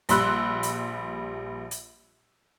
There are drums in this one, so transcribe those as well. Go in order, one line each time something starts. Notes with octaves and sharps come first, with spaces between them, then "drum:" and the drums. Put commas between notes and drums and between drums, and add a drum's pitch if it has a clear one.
A#1 G3 B5 C6 E6 F#6, drum: hi-hat
drum: hi-hat
drum: hi-hat